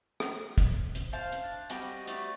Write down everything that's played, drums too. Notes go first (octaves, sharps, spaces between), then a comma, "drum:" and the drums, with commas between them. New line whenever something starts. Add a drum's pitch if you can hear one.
drum: rim click
drum: kick, hi-hat
drum: hi-hat
C5 F5 A5
drum: hi-hat
D4
G3 C4 F#4 D#5, drum: hi-hat
A3, drum: hi-hat